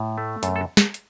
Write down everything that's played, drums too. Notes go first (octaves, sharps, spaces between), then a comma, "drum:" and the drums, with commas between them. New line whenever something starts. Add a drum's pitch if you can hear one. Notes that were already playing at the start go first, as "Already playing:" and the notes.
Already playing: A2
A3
F#2 A4, drum: hi-hat
A4
drum: snare
drum: hi-hat